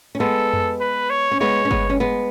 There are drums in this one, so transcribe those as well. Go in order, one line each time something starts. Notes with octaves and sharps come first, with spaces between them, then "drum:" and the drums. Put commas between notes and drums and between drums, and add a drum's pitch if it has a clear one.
C#4
G#3 B3 A4
drum: tom F2
B4
C#5
C#4
G#3 B3 C#5
C#4
G#3 B3, drum: kick G1
C#4
G#3 B3